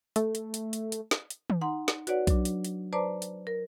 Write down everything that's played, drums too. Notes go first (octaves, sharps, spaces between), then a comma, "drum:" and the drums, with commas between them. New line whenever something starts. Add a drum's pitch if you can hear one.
A3, drum: hi-hat
drum: hi-hat
drum: hi-hat
drum: hi-hat
drum: hi-hat
drum: snare
drum: hi-hat
drum: tom
D#4 F#5 A#5 C6
drum: snare
F#4 B4 C#5 D5 F#5, drum: hi-hat
F#3 D4, drum: kick B1, hi-hat
drum: hi-hat
drum: hi-hat
B4 C5 D5 A5 A#5 D6
drum: hi-hat
A#4